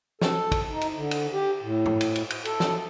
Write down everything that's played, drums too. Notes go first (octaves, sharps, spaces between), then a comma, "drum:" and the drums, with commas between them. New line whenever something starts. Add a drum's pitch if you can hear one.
A4, drum: snare
drum: kick, cymbal
D#4
drum: cymbal
D3
drum: cymbal
G4
A2
drum: tom G#2
drum: cymbal
drum: cymbal
drum: cymbal
A4, drum: cymbal
drum: snare